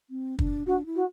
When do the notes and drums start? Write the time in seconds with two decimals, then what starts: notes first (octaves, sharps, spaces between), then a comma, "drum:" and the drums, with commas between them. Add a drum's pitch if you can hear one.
0.10 C4
0.39 D4, drum: kick
0.67 D4 F#4
0.86 E4
0.96 F#4